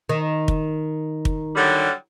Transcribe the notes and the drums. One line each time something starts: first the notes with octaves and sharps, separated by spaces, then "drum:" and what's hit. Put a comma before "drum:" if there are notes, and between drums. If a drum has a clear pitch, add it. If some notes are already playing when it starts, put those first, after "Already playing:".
D#3
drum: kick
drum: kick
D3 F#3 G3